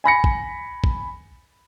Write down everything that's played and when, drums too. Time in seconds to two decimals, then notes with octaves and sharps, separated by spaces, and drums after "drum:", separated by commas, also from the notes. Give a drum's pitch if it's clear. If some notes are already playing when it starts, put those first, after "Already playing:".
0.04 G#5 B5 A#6 C#7
0.24 drum: kick
0.84 drum: kick